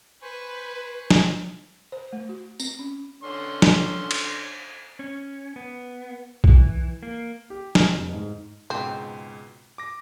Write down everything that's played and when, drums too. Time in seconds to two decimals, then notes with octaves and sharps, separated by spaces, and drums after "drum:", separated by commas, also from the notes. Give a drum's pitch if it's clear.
0.22 B4 C5 G#5 C#6
1.11 drum: snare
1.92 C5
2.13 A3
2.29 F#4
2.60 C4, drum: tambourine
2.79 C#4
3.23 D3 C#4 C6
3.62 drum: snare
4.11 drum: cymbal
4.99 C#4
5.56 B3
6.44 E3, drum: kick B1
7.03 A#3
7.50 G4
7.75 F6, drum: snare
7.95 F1
8.13 G#2
8.70 C#2 G#2 B2 C4
9.78 D6 A#6